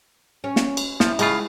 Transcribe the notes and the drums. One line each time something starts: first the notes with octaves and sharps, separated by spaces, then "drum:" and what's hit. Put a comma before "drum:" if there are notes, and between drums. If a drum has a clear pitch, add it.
C#4
drum: snare
drum: cymbal
F3 E4, drum: snare
A2 C#3 G#3 F4, drum: cymbal